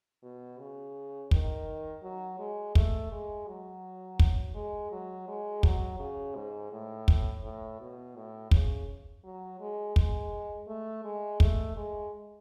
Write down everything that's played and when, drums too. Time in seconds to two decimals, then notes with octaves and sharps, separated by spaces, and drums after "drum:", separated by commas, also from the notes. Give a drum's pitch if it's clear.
0.23 B2
0.59 C#3
1.31 D#3, drum: kick
2.03 F#3
2.39 G#3
2.75 A3, drum: kick
3.12 G#3
3.47 F#3
4.19 drum: kick
4.55 G#3
4.92 F#3
5.28 G#3
5.63 F#3, drum: kick
5.99 C#3
6.35 G#2
6.72 A2
7.08 drum: kick
7.44 A2
7.81 B2
8.16 A2
8.51 C#3, drum: kick
9.24 F#3
9.60 G#3
9.96 G#3, drum: kick
10.68 A3
11.05 G#3
11.40 A3, drum: kick
11.76 G#3